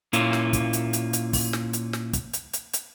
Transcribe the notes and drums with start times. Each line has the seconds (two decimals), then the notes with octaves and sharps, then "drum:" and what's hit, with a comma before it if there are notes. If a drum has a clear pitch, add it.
0.13 A#2 A#3 C#4 E4 F4, drum: hi-hat
0.33 drum: snare
0.53 drum: kick, hi-hat
0.73 drum: hi-hat
0.93 drum: hi-hat
1.13 drum: hi-hat
1.33 drum: kick, open hi-hat
1.53 drum: snare
1.73 drum: hi-hat
1.93 drum: snare
2.13 drum: kick, hi-hat
2.33 drum: hi-hat
2.53 drum: hi-hat
2.73 drum: hi-hat